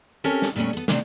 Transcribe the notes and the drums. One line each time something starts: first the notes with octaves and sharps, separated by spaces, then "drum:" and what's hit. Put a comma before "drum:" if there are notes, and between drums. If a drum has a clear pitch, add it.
C4 C#4 G4 A4 A#4 C#5
drum: snare
A#2 G3 A3 B3 C#4
B3 A4
A2 C3 B3 C4 D4, drum: snare